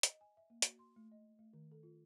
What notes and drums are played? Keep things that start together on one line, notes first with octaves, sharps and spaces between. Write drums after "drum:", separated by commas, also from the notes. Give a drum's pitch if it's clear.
D#5, drum: hi-hat
G#5
E5
A#3
F#4, drum: hi-hat
C6
A3
D#5
A3
D#3
A4
F4